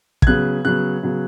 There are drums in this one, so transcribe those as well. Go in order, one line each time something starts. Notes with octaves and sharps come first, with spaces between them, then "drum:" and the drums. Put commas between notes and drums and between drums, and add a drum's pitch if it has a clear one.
G#6, drum: kick
C#3 F#3 B3 F#6
C#3 F#3 B3 F#6
C#3 F#3 B3